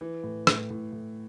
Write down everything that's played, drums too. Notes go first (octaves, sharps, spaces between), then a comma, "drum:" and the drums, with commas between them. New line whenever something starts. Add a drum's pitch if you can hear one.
E3
A2
A2, drum: rim click
A2
A2